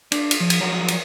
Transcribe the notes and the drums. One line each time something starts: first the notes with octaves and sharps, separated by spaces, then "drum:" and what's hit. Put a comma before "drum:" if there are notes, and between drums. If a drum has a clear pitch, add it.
D4, drum: cymbal
drum: cymbal
F3
drum: cymbal
F3 F#3 F#4 A#4 C#5
drum: cymbal